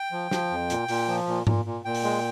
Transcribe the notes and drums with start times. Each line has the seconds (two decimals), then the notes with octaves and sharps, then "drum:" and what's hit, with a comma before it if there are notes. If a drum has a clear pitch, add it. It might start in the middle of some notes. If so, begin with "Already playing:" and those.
Already playing: G5
0.12 F3
0.31 F3, drum: snare
0.51 F2
0.70 A#2, drum: hi-hat
0.88 A#2, drum: open hi-hat
1.08 F3
1.27 A#2
1.47 A#2, drum: tom G#2
1.65 A#2
1.85 A#2 G5
1.95 drum: open hi-hat
2.04 G#3